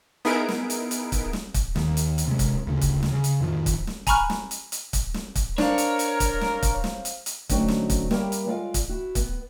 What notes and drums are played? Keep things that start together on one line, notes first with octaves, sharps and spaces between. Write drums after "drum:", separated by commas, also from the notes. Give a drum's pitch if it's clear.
B3 D#4 E4 G#4 A#4 D7
drum: snare
drum: hi-hat
drum: hi-hat
drum: kick, hi-hat
drum: snare
drum: kick, hi-hat
D#2 D#3, drum: snare
drum: hi-hat
drum: hi-hat
C3 G#3
drum: kick, hi-hat
D2 C#3
drum: kick, hi-hat
drum: snare
C#3
drum: hi-hat
F2 A2 D#3 F3
drum: kick, hi-hat
drum: snare
G#5 A#5 B5 C#6 F6 F#6, drum: kick, hi-hat
drum: snare
drum: hi-hat
drum: hi-hat
drum: kick, hi-hat
drum: snare
drum: kick, hi-hat
D4 A#4 C5 C#5 F5, drum: snare
drum: hi-hat
drum: hi-hat
drum: kick, hi-hat
drum: snare
drum: kick, hi-hat
drum: snare
drum: hi-hat
drum: hi-hat
D3 F#3 A3 C4 C#4 D#4, drum: kick, hi-hat
drum: snare
drum: kick, hi-hat
G3 A#3 G4 A#4 C#5 E5, drum: snare
drum: hi-hat
G#3 F4 A4 D5 F5
drum: kick, hi-hat
E4 F#4
B3, drum: kick, hi-hat